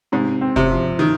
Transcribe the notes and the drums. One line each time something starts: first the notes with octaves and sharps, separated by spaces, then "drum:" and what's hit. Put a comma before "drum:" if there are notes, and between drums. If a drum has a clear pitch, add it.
G#2 C3
C4
C3, drum: kick F1
F3
D#3